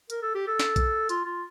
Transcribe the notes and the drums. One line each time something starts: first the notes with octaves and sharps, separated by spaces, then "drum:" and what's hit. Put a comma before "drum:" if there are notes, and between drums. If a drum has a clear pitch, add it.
A#4, drum: hi-hat
A4
G4
A4
drum: snare
drum: kick A#1, hi-hat
F4, drum: hi-hat
F4